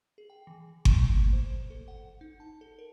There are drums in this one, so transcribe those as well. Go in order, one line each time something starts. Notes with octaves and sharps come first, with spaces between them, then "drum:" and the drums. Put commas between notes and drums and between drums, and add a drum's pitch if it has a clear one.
G#4
G5
E3
A3, drum: kick G1
A#3
C5
A4
F#5
D#4
A5
A4
A#4